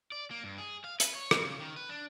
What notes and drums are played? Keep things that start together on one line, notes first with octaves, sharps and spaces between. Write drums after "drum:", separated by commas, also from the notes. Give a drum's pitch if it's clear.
D5
A#3
G2
G#4
F5
B4, drum: hi-hat
C#5
C4, drum: rim click
C#3
D#3
B4
D4